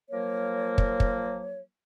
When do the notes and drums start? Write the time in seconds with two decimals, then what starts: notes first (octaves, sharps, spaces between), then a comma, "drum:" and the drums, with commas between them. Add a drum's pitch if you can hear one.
0.12 F3 F#3 A#3 A#4 C#5
0.78 drum: kick
1.00 drum: kick